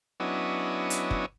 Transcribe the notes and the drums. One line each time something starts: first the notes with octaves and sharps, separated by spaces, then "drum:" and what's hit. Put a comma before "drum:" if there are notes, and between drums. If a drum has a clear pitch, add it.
F#3 B3 C#4 D4 E4 D#5
drum: hi-hat
drum: kick